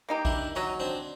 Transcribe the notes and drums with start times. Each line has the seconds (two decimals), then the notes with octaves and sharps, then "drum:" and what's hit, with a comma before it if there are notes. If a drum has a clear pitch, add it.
0.09 A#3 D#4 G4
0.25 D4 E4, drum: kick A#1
0.55 F#3 C#4 D#4
0.80 C4 D4